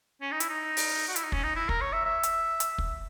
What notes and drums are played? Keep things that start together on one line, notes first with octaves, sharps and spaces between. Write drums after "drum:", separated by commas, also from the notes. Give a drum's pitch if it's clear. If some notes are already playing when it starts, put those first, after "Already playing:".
C#4
D#4
E4, drum: hi-hat
D#4
drum: open hi-hat
F#4
E4, drum: hi-hat
D#4
C#4, drum: kick
D#4
E4
A#4, drum: kick
C#5
E5
E5
drum: hi-hat
drum: hi-hat
drum: kick